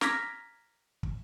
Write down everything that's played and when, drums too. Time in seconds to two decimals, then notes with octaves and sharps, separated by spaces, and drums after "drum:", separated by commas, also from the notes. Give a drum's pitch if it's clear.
0.01 A#5 D6 F6 G#6 A#6 B6, drum: snare
1.03 drum: kick